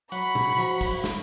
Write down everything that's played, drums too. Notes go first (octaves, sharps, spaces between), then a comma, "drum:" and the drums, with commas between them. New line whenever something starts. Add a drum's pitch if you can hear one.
F#3 F#5 B5 C#6, drum: hi-hat
drum: tom
F3 F#4, drum: hi-hat
drum: kick A1, open hi-hat
drum: snare